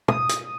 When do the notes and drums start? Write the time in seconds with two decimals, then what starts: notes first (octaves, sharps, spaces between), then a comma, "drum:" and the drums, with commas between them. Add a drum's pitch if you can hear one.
0.08 D#6, drum: tom
0.29 drum: hi-hat